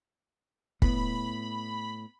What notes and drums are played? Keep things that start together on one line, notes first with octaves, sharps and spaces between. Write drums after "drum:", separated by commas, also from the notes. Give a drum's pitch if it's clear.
A2 B3 B5, drum: kick